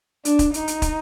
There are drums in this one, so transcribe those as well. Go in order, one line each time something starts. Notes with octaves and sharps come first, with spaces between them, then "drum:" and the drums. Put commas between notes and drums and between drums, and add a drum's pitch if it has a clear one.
D4, drum: hi-hat
drum: kick, hi-hat
D#4, drum: hi-hat
drum: hi-hat
drum: kick, hi-hat